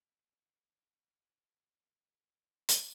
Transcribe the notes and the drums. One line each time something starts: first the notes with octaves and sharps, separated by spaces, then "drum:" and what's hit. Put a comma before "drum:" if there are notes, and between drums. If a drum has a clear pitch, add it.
B3 E5
C5 F5 G#5
A4
F6
E3 C#4 D4
drum: hi-hat